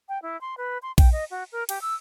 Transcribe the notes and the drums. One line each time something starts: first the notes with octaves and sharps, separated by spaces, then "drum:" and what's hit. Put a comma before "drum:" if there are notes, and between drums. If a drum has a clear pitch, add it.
G5
E4
C6
B4
C6
G5, drum: kick A#1, cymbal
D#5
F#4
A#4
G4, drum: cymbal
E6